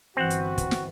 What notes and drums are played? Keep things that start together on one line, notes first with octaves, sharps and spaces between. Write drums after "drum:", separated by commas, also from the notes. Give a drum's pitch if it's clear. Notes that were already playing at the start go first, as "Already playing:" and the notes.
G1 E3 C4 F#4 B4 F#5
drum: hi-hat
drum: kick, hi-hat
drum: snare